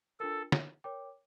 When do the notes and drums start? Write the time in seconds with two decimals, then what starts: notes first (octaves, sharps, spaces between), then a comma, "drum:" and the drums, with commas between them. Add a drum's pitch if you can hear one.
0.20 D4 F4 A4 A#4
0.52 drum: snare
0.84 A#4 C#5 G5 D6